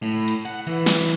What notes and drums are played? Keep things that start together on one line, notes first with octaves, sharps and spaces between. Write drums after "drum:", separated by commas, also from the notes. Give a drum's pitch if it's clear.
A2
drum: hi-hat
F#5, drum: hi-hat
E3, drum: hi-hat
drum: snare